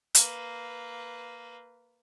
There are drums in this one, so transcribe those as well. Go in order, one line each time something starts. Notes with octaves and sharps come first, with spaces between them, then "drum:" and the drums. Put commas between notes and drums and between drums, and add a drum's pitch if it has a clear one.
A#3 B4, drum: hi-hat